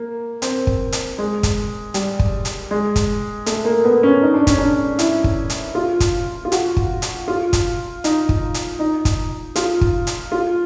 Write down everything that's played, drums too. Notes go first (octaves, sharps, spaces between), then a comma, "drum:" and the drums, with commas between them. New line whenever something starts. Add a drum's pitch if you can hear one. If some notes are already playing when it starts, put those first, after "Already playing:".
Already playing: A#3
C4, drum: hi-hat
drum: kick
drum: hi-hat
G#3
drum: kick, hi-hat
G3, drum: hi-hat
drum: kick
drum: hi-hat
G#3
drum: kick, hi-hat
A3, drum: hi-hat
A#3
B3
C#4
D#4
D4
C#4, drum: kick, hi-hat
D4
E4, drum: hi-hat
drum: kick
drum: hi-hat
F4
drum: kick, hi-hat
F4
F#4, drum: hi-hat
drum: kick
drum: hi-hat
F4
drum: kick, hi-hat
D#4, drum: hi-hat
drum: kick
drum: hi-hat
D#4
drum: kick, hi-hat
F4, drum: hi-hat
drum: kick
drum: hi-hat
F4